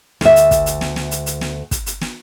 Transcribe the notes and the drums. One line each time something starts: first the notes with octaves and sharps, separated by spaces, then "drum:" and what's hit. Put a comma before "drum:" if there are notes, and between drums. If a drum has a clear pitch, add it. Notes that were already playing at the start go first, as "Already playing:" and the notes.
D2 E5, drum: snare
drum: hi-hat
drum: kick, hi-hat
drum: hi-hat
drum: snare
drum: snare
drum: hi-hat
drum: hi-hat
drum: snare
drum: kick, hi-hat
drum: hi-hat
drum: snare